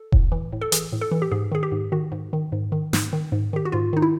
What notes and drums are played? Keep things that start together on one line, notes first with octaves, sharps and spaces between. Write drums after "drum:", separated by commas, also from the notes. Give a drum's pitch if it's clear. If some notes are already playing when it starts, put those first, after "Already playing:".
Already playing: A4
A2, drum: kick E1
E3
A2
A4
E3 G#4, drum: hi-hat
A2
A4
E3
G4
G#2 G#4
D#3 G#4
G4
G#2
D#3 F#4
G#2
D#3
G#2
D#3
G#2, drum: snare
D#3
G#2
D#3 G4
F#4
G#2 F4
D#3 D#4
E4